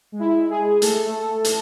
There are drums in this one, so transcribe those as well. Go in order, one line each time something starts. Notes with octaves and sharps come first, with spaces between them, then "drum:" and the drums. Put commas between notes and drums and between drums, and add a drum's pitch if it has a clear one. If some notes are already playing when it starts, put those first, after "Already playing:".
G#3
E4
G#3
G#4
G#3
A3 A4, drum: hi-hat
A3
A3
drum: hi-hat